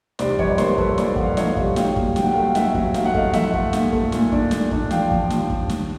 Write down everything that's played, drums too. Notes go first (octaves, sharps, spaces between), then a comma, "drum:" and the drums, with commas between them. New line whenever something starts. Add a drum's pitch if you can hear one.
C2 C5 D5, drum: snare
F3 B4 C#5, drum: kick
C#5
A#3 A#4 C5, drum: snare
F3 A4 B4, drum: kick
A#2 C5 D5, drum: snare
F3 F#5, drum: kick
F5
E5
F3 C#5 D#5, drum: snare
C2, drum: kick
F#3 F5 G5, drum: snare
A#2, drum: kick
F#3 G5, drum: snare
F#5
A3 F5 G5
A3 E5 F#5, drum: snare
F#3, drum: kick
A3 F5, drum: snare
F#5
A3 D#5 F5, drum: kick
F3 E5 F#5, drum: snare
A3, drum: kick
A#2, drum: snare
A3, drum: kick
A#2, drum: snare
D4, drum: kick
A#2, drum: snare
D4, drum: kick
F3 F5 G5, drum: snare
F3, drum: kick
D#2, drum: snare
drum: kick
drum: snare